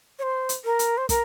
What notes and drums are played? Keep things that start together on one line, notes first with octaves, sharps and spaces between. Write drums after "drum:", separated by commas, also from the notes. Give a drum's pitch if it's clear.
C#5
C5
drum: hi-hat
A#4
drum: hi-hat
C5
A#4, drum: kick, hi-hat